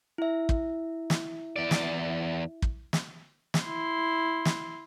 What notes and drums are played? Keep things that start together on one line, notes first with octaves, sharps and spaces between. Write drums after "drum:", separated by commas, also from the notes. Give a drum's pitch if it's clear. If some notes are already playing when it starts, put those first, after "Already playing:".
E4 E5
drum: kick
drum: snare
E2 D5
drum: snare
drum: kick
drum: snare
drum: snare
E4 C6
drum: snare